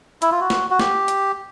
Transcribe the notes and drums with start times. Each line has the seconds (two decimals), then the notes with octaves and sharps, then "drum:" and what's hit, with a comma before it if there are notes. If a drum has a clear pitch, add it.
0.22 E4, drum: hi-hat
0.31 F4
0.40 F#4
0.50 drum: snare
0.70 F#4
0.79 G4, drum: snare
1.08 drum: hi-hat